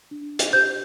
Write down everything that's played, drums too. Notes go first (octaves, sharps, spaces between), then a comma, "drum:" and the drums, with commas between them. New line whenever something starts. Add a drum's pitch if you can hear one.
D4
drum: hi-hat
G4 C5 G6